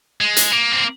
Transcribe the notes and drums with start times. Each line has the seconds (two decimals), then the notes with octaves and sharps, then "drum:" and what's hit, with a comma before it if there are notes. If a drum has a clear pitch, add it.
0.21 G#3
0.37 drum: hi-hat
0.52 A#3
0.72 C4